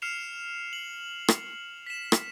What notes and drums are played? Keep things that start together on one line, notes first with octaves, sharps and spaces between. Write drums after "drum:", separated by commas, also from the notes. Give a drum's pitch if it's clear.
F6 C7 C#7 E7 F7
F#7
drum: rim click
B6 E7
drum: rim click